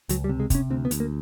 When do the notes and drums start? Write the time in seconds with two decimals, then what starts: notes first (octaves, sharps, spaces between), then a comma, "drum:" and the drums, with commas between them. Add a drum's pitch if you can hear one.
0.09 C#2 F#3, drum: hi-hat
0.24 G3
0.29 C3
0.40 G#3
0.50 C3 C#4, drum: kick, hi-hat
0.70 D2 C4
0.85 B3
0.91 D2, drum: hi-hat
1.00 A#3